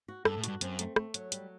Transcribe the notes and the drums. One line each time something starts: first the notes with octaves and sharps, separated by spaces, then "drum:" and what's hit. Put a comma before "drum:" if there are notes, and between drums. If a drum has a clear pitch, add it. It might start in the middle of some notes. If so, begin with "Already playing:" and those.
F#4
G2 A4, drum: rim click
A2
G2 F#4, drum: hi-hat
F#2 C4, drum: hi-hat
A3, drum: hi-hat
A3, drum: rim click
F#3, drum: hi-hat
G3, drum: hi-hat